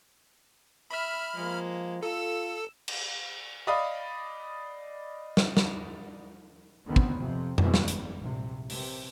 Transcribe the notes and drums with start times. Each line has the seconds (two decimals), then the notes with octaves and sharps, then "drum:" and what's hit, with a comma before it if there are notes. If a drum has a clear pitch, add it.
0.91 E5 B5 F6
1.36 F3 G#3 A#3
2.03 F4 A4 E6
2.88 drum: cymbal
3.67 D5 D#5 F5 B5 D#6
5.37 drum: snare
5.57 drum: snare
6.85 D2 D3 D#3 B3 C4
6.96 drum: kick
7.16 F2 C3
7.58 B2 D3 E3 G#3 C4, drum: tom F2
7.74 drum: snare
7.88 G1, drum: hi-hat
8.20 A#1 C3
8.70 C3, drum: open hi-hat